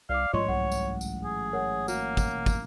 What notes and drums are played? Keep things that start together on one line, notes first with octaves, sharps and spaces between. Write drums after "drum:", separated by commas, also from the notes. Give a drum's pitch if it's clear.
C2 D5 F5 D6
A1 G#2 F#3 F4 C#5 D#5 C6 C#6
C2 F#5
drum: tambourine
drum: tambourine
G#4
A#4 C#5 F#5
A#3 F#4, drum: tambourine
drum: kick, tambourine
drum: kick, tambourine